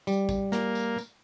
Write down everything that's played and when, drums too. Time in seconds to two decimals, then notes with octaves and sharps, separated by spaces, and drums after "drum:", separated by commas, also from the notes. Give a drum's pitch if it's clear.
0.07 G3, drum: tambourine
0.29 drum: kick, tambourine
0.52 A#3, drum: snare
0.75 drum: tambourine
0.98 drum: tambourine